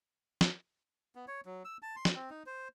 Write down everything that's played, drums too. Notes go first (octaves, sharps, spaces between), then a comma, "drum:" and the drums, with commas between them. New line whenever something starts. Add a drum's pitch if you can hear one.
drum: snare
B3
C#5
F#3
E6
A5
C6
drum: snare
C4
D#4
C5